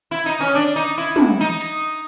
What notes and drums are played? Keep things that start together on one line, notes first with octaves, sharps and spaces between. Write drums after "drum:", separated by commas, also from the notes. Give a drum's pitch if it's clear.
E4
D#4
C#4
D4
D#4
E4
drum: tom
D#4
drum: hi-hat